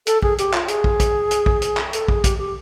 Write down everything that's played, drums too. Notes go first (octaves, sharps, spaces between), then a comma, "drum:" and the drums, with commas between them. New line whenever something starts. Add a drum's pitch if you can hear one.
A4, drum: hi-hat
G#4, drum: kick
G4, drum: hi-hat
F4, drum: clap
G#4, drum: hi-hat
drum: kick
drum: kick, hi-hat
drum: hi-hat
drum: kick
drum: hi-hat
drum: clap
A4, drum: hi-hat
G#4, drum: kick
G4, drum: kick, hi-hat
G4